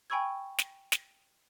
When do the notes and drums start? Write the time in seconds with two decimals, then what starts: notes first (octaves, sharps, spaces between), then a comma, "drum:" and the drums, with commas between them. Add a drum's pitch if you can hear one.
0.10 G5 G#5 B5 C#6 E6 G#6
0.58 drum: snare
0.92 drum: snare